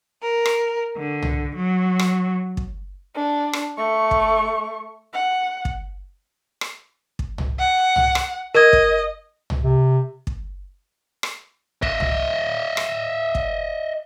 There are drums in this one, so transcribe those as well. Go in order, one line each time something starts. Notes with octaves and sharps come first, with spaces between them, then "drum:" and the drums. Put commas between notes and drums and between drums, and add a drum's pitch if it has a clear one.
A#4
drum: rim click
D3
drum: tom C2
F#3
drum: rim click
drum: kick
D4
drum: rim click
A3 C#6
drum: kick
F#5
drum: kick
drum: rim click
drum: kick
drum: tom C2
F#5
drum: tom C2
drum: rim click
A#4 D#5 G#6
drum: kick
drum: tom C2
C3
drum: kick
drum: rim click
D#5 E5, drum: kick
drum: tom C2
drum: rim click
drum: kick